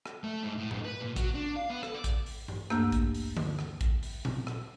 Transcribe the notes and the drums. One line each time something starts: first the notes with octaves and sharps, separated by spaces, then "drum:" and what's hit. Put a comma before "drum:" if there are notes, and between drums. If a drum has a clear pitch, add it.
drum: rim click
A3
G#2
A2
G#2, drum: tom G#2
B4
A#2
F#3, drum: kick A1, hi-hat
D4
F5
B3
A4, drum: rim click
D5
drum: kick A1, hi-hat
drum: open hi-hat
drum: tom G2
D2 G2 A3 A#3 E6 G6, drum: rim click
drum: kick A1, hi-hat
drum: open hi-hat
drum: tom D3
drum: rim click
drum: kick A1, hi-hat
drum: open hi-hat
drum: tom A#2
drum: rim click